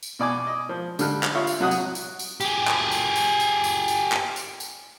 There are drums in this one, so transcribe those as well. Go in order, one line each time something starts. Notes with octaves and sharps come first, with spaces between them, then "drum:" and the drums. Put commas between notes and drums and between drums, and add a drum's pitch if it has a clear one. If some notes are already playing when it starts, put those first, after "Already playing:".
drum: tambourine
B2 D5 G#5 D6
D#5
F3
D3 G3 F6 F#6, drum: tambourine
drum: clap
F4 C#5 E5
drum: tambourine
C2 F#3 F#4 F#5 D#6
drum: tambourine
drum: tambourine
drum: tambourine
G4 G#4, drum: tambourine
drum: clap
drum: tambourine
drum: tambourine
drum: tambourine
drum: tambourine
drum: tambourine
drum: clap
drum: tambourine
drum: tambourine